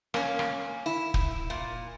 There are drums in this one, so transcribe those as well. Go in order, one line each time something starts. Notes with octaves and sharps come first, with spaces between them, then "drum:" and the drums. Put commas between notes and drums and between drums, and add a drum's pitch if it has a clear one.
A#3 C#4, drum: rim click
drum: rim click
E4
drum: kick
A#2